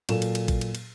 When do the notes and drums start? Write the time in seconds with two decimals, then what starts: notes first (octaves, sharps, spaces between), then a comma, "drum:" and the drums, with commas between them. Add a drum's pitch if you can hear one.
0.09 A#2 F#3 A4 E7, drum: cymbal
0.22 drum: cymbal
0.35 drum: cymbal
0.48 drum: kick, cymbal
0.61 drum: cymbal
0.75 drum: cymbal